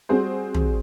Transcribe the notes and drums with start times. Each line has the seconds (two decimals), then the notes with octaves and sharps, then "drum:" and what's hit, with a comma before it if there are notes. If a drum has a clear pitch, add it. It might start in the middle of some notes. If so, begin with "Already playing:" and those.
0.09 G3 C4 F#4 G#4 C5
0.54 drum: tom